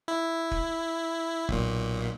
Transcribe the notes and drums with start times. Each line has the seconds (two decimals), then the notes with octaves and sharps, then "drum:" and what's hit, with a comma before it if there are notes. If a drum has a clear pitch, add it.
0.08 E4
0.51 drum: kick
1.49 B1 A#2, drum: kick